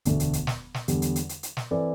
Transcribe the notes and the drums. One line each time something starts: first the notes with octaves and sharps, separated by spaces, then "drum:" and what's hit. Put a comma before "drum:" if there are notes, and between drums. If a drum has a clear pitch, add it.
E1 D2 D3 A3 D4, drum: hi-hat
drum: hi-hat
drum: hi-hat
drum: snare
drum: snare
E2 D3 G3, drum: hi-hat
drum: hi-hat
drum: hi-hat
drum: hi-hat
drum: hi-hat
drum: snare
E3 C4 A4 D5